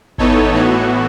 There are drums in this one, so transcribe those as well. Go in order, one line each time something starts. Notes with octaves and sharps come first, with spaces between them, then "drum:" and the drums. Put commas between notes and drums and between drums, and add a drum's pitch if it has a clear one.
E3 B3 D#4 A4 C#5, drum: kick G#1
A2 E3 B3 F#4